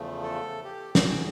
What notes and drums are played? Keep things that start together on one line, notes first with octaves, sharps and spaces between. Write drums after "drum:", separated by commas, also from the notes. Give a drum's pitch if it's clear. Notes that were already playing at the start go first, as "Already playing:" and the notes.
Already playing: E2 C#3 F3 A3
A4
G4
G4, drum: snare
G#4